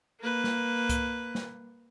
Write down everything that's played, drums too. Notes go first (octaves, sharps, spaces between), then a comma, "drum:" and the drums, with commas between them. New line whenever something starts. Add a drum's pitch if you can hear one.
A#3 B4
drum: snare
drum: kick C#2, hi-hat
drum: snare